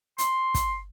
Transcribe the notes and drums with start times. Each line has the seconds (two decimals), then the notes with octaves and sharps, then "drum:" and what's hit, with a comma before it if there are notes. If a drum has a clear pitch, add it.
0.18 C6, drum: hi-hat
0.54 drum: kick, hi-hat